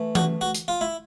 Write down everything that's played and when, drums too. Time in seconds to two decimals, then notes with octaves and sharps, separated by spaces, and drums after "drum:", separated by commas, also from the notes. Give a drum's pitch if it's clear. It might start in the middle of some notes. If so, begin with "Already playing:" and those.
Already playing: E3 A3
0.15 F#4, drum: tom E3
0.41 F#4
0.54 drum: hi-hat
0.68 F4
0.81 E4